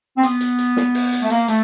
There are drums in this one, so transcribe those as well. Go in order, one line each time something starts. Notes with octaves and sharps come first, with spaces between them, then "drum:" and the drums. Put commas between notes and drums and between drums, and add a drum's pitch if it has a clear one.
C4
B3, drum: hi-hat
drum: hi-hat
drum: hi-hat
drum: snare
drum: open hi-hat
drum: hi-hat
A3
A#3, drum: hi-hat
A3, drum: hi-hat